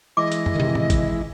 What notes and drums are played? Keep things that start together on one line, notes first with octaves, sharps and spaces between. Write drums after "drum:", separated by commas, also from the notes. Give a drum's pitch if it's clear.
E3 G#3 E4 D#5 D6
drum: hi-hat
drum: tom
C3 D#3
drum: tom
drum: kick G#1, hi-hat